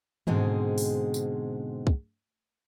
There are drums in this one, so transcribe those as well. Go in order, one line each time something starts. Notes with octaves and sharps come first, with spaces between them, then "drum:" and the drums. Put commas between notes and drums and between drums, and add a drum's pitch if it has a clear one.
G#2 B2 D3 G#3 C4 G#4, drum: tom D#3
drum: open hi-hat
drum: tambourine
drum: kick